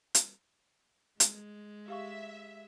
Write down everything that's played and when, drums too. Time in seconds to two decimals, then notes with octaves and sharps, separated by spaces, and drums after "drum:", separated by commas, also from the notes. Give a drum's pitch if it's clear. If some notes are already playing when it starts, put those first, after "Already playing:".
0.15 drum: hi-hat
1.20 G#3, drum: hi-hat
1.88 G4 E5 F5 C#6